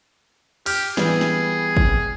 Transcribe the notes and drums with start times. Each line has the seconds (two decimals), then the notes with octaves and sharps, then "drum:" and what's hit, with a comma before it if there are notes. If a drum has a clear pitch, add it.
0.66 G4 F6, drum: cymbal
0.97 E3 G3 B3 G#4, drum: snare
1.21 drum: snare
1.77 drum: kick